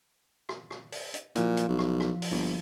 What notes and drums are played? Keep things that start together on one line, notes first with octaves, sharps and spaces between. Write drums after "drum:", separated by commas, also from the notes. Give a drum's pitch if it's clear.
drum: rim click
drum: rim click
drum: open hi-hat
drum: hi-hat
A#2 F3 E4 F#4, drum: hi-hat
drum: hi-hat
B1
drum: rim click
drum: rim click
drum: open hi-hat
G1 A#3